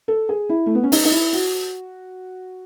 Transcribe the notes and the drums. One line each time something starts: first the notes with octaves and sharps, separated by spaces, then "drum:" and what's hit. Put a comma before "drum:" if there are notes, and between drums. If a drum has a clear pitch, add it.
A4
G#4
E4
A3
B3
C#4
D#4, drum: open hi-hat
D#4
E4
F#4